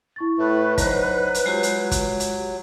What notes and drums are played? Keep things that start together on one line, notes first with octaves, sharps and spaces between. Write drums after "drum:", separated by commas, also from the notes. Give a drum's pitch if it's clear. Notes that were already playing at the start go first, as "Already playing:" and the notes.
E4 C#6 A6
A2 A3 B4
F#3 D#4 C5 C#5, drum: kick, hi-hat
drum: hi-hat
F#3 G#3 F4 G4
drum: hi-hat
drum: kick, hi-hat
drum: hi-hat